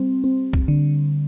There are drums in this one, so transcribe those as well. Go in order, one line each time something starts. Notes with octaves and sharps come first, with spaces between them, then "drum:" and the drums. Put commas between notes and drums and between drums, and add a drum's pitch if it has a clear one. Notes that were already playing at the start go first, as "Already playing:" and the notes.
Already playing: G3 C4
C4
drum: kick
D3